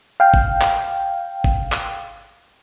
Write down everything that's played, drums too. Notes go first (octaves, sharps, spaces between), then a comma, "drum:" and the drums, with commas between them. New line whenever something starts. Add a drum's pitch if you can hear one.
F5 G5
drum: kick
drum: clap
drum: kick
drum: clap